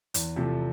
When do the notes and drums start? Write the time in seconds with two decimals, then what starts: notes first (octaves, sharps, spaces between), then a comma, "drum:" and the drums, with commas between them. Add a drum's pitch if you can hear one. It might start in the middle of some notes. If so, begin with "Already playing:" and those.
0.14 E2, drum: hi-hat
0.36 C3 F3 A3